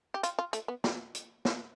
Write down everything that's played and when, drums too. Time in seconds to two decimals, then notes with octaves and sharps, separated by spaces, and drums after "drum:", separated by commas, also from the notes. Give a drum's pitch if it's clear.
0.14 G4
0.23 F4, drum: hi-hat
0.39 F4
0.53 A3, drum: hi-hat
0.68 B3
0.84 G3, drum: snare
1.15 drum: hi-hat
1.45 drum: snare